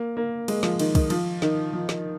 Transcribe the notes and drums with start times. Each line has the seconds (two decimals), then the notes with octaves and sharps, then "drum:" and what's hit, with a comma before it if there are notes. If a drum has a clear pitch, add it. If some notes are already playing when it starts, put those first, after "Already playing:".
Already playing: A#3
0.17 A#3
0.48 G#3, drum: cymbal
0.63 F3, drum: snare
0.79 D#3, drum: cymbal
0.95 D#3, drum: kick, cymbal
1.10 F3, drum: cymbal
1.42 D#3, drum: snare
1.73 F3
1.89 drum: snare